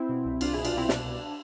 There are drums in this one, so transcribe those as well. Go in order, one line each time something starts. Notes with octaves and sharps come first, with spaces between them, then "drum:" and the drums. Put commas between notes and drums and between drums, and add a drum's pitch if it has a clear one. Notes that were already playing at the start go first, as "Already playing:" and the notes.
Already playing: C4 E4
B2
C2
C2 D4 F4, drum: cymbal
B2 E4 G#4
D4 F4, drum: cymbal
C2 C4 E4
B2 D4, drum: snare
C2